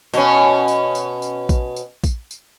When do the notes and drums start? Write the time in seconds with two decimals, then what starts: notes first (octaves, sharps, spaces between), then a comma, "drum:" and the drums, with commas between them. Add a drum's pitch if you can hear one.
0.13 B2 C#4, drum: tambourine
0.68 drum: tambourine
0.95 drum: tambourine
1.22 drum: tambourine
1.49 drum: kick A#1, tambourine
1.76 drum: tambourine
2.04 drum: kick A#1, tambourine
2.31 drum: tambourine